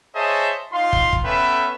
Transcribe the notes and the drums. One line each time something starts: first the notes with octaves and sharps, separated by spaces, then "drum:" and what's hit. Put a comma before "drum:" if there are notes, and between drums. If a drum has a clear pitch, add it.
G#4 C5 C#5 D#5 E5 A5
D#4 F4 F5 C6
drum: kick
drum: kick
B3 C#4 A4 B4 E5 G5